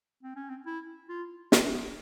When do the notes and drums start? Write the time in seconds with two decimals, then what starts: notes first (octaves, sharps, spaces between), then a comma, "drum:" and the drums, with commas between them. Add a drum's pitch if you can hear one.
0.23 C4
0.36 C#4
0.49 C4
0.66 E4
1.09 F4
1.52 F4, drum: snare
1.74 B3